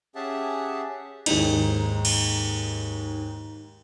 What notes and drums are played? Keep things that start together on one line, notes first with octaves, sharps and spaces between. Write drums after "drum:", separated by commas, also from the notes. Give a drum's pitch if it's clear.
C#4 G4 G#4 E5 F#5 A5
D#2 G#2 D#4, drum: cymbal
drum: cymbal